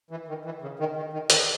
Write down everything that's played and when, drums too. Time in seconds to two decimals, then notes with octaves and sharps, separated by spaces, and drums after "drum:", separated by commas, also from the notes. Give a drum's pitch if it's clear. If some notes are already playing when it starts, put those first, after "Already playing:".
0.11 E3
0.28 D#3
0.45 E3
0.62 C#3
0.79 D#3
0.96 D#3
1.13 D#3
1.30 D#3, drum: hi-hat